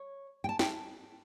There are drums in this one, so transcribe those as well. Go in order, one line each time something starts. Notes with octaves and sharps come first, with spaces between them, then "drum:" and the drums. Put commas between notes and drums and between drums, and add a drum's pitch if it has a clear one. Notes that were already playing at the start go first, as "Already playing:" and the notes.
Already playing: C#5
G5
A5
G5, drum: snare